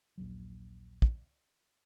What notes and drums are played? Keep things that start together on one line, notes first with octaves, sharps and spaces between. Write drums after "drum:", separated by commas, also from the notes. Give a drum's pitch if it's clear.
A#1 D#2 F#3
drum: kick